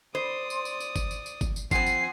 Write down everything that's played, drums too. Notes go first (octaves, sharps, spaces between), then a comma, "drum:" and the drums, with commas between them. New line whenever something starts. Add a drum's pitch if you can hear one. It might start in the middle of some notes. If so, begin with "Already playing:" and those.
C5 D5 D#6
drum: tambourine
drum: tambourine
drum: tambourine
drum: kick, tambourine
drum: tambourine
drum: tambourine
drum: kick, tambourine
drum: tambourine
F3 C4 F#5 G#5 C7, drum: kick, tambourine
drum: tambourine